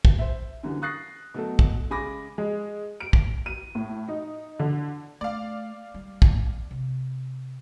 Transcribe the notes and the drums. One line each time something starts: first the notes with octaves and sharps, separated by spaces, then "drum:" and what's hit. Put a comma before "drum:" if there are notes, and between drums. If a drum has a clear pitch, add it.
drum: kick
C5 E5
F#2 D3 E3 G3
C#6 D#6 F#6 A6 A#6 C7
B2 F#3 A3 F#4 A4
drum: kick
C#3 G#3 G#5 B5 D6 A#6
G#3
D7
drum: kick
D#7
A2
D#4
D3
A3 D5 F5
G3
drum: kick
C3